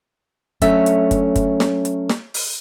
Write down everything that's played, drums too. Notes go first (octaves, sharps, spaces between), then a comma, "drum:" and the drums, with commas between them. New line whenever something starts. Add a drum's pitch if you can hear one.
F#3 A3 C#4 D4 A4 E5, drum: kick, hi-hat
drum: hi-hat
drum: kick, hi-hat
drum: kick, hi-hat
drum: snare
drum: hi-hat
drum: snare
drum: open hi-hat